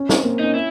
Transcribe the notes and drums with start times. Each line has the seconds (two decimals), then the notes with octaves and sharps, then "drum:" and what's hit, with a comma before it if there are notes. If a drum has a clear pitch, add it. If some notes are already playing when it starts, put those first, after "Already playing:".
Already playing: C#4
0.09 C4, drum: snare
0.24 A#3
0.39 C#4 D#4
0.54 E4